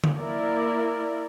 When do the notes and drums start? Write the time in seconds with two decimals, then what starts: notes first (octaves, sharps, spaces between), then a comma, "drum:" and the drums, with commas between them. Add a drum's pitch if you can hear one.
0.04 drum: tom D3
0.18 A#3 E4 A#4 D5